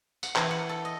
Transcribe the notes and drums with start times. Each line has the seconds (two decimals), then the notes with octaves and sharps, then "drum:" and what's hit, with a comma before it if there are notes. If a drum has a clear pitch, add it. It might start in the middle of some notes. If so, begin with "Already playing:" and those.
0.23 F#5, drum: tambourine
0.36 E3, drum: clap
0.51 F#5
0.69 A4
0.85 D#5